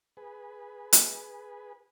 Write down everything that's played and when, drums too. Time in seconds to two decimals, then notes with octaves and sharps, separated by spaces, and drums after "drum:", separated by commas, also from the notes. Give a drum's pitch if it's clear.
0.17 G#4 B4
0.93 drum: hi-hat